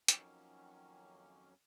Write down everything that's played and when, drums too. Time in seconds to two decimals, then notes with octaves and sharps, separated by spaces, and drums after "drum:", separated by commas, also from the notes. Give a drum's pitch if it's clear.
0.08 F2 D#3 F#3 A#3 C#4, drum: hi-hat